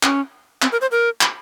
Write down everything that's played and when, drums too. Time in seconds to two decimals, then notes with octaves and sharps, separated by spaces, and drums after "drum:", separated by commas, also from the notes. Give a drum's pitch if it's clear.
0.03 C#4, drum: clap
0.62 C4, drum: clap
0.72 A#4
0.81 C5
0.91 A#4
1.21 drum: clap